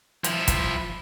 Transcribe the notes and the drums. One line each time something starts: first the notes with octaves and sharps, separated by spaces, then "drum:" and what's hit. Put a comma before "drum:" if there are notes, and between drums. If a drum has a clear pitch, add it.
F3 E4, drum: hi-hat
drum: kick, hi-hat